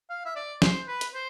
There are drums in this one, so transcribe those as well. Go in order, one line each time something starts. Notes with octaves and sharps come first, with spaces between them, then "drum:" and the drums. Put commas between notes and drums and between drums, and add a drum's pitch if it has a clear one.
F5
E5
D5
C5, drum: snare
B4
drum: hi-hat
C5